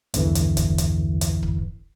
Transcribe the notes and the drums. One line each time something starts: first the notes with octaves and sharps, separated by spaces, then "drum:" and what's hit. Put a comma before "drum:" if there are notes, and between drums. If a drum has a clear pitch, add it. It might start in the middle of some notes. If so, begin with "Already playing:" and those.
B1 E2 G2 D3 E3, drum: hi-hat
drum: hi-hat
drum: kick, hi-hat
drum: hi-hat
drum: hi-hat
drum: kick